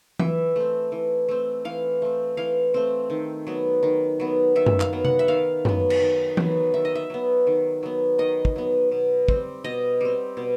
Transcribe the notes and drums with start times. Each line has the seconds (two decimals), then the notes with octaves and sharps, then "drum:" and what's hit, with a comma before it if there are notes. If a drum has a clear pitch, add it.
0.19 E3 E5, drum: tom E3
0.56 A3 C4
0.92 E3
1.29 A3 C4
1.65 E3 F5
2.02 A3 C4
2.37 E3 F5
2.74 A3 C4
3.10 D#3
3.47 F#3 B3
3.83 D#3
4.20 F#3 B3
4.56 D#3 E5
4.66 drum: tom F#2
4.80 F5, drum: clap
4.93 F#3 B3
5.05 F#5, drum: tom C3
5.19 E5
5.28 D#3 F5
5.65 F#3 B3, drum: tom F#2
5.90 drum: cymbal
6.01 D#3
6.37 F#3 B3, drum: tom E3
6.74 D#3 E5
6.85 D#5
6.95 E5
7.10 F#3 B3
7.47 D#3
7.83 F#3 B3
8.19 D#3 D#5
8.45 drum: kick
8.56 F#3 B3
8.92 B2
9.28 G3 C4, drum: kick
9.64 B2 D#5
10.01 G3 C4
10.37 B2